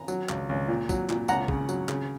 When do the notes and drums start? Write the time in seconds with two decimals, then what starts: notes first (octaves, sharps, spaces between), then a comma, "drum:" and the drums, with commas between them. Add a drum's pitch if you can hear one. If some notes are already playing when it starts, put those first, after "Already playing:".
Already playing: A#5
0.08 F#3, drum: tambourine
0.29 C#2, drum: clap
0.49 C#2
0.68 A#2
0.89 F#3, drum: kick, tambourine
1.09 A#2, drum: clap
1.28 C#2 F#5 A#5, drum: tambourine
1.48 C#3, drum: kick
1.69 F#3, drum: tambourine
1.89 C#3, drum: clap